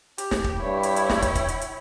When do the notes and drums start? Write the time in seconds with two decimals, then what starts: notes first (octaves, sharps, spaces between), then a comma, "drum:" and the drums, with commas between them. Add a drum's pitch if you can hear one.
0.18 G4, drum: hi-hat
0.31 drum: snare
0.44 drum: kick
0.62 G2 E4 C#5 G5
0.83 drum: hi-hat
0.96 drum: hi-hat
1.09 drum: snare
1.22 drum: kick, hi-hat
1.35 drum: kick, hi-hat
1.48 drum: hi-hat
1.61 drum: hi-hat